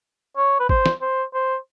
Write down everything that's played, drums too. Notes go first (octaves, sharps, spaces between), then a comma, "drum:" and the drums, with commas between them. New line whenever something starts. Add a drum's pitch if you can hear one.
C#5
B4
C5, drum: kick G#1
drum: snare
C5
C5